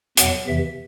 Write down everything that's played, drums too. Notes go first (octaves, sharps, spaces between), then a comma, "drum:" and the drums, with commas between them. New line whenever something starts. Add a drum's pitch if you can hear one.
E2 B2 F#3 F#5, drum: hi-hat
E2 C3 E3 E5